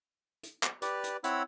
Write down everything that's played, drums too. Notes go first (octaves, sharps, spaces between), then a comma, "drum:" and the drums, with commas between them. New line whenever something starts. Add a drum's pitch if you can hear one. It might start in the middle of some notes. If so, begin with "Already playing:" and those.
drum: hi-hat
drum: clap
G4 B4 D5, drum: hi-hat
drum: hi-hat
C4 E4 C#5 F#5 B5 E6, drum: hi-hat